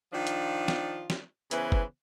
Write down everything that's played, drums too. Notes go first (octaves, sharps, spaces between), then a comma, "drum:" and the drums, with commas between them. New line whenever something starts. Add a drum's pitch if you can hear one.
D#3 F3 D4 F4
drum: hi-hat
drum: snare
drum: snare
C#3 E3 B3 C5, drum: hi-hat
drum: kick F#1